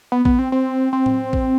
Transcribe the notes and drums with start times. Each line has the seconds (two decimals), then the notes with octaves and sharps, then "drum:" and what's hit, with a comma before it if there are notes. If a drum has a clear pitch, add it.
0.12 B3
0.25 B3, drum: kick A1
0.39 C4
0.52 C4
0.93 C4
1.06 drum: tom A2
1.33 drum: kick A1